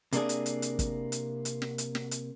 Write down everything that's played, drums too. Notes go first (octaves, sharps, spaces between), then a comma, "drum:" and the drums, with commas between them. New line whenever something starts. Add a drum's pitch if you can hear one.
C3 A#3 D4 G#4, drum: hi-hat
drum: hi-hat
drum: hi-hat
drum: hi-hat
drum: kick, hi-hat
drum: hi-hat
drum: hi-hat
drum: snare
drum: hi-hat
drum: snare
drum: hi-hat